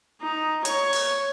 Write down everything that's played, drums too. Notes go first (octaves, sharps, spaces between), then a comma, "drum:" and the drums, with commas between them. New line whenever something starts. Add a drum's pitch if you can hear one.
D#4
C#5, drum: hi-hat
drum: open hi-hat